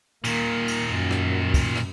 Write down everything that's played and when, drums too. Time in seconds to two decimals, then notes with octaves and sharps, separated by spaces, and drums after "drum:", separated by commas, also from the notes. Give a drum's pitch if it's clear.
0.24 A#2 D#3 A#3, drum: cymbal
0.68 drum: cymbal
0.90 F#2
1.11 drum: rim click
1.54 drum: kick, cymbal
1.76 drum: rim click